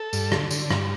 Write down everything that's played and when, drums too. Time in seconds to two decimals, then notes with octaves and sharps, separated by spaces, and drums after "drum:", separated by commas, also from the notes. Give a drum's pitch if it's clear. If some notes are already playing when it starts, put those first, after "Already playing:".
Already playing: A4
0.13 G2, drum: tambourine
0.32 D3, drum: rim click
0.51 D3, drum: tambourine
0.71 G2, drum: rim click